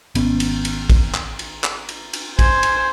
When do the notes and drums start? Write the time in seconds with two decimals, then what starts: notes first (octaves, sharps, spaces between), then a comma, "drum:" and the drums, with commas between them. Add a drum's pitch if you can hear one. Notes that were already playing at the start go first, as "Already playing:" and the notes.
0.15 G#1 B3 C#4, drum: cymbal
0.40 drum: cymbal
0.65 drum: cymbal
0.90 drum: kick, cymbal
1.14 drum: clap
1.39 drum: cymbal
1.64 drum: clap
1.89 drum: cymbal
2.13 drum: cymbal
2.39 C5 G#5, drum: kick, cymbal
2.63 drum: cymbal